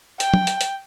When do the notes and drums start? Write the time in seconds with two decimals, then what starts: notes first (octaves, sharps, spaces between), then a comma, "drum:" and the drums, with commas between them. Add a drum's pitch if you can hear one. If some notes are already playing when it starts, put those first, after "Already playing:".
0.20 G5, drum: hi-hat
0.34 drum: tom
0.47 drum: hi-hat
0.61 drum: hi-hat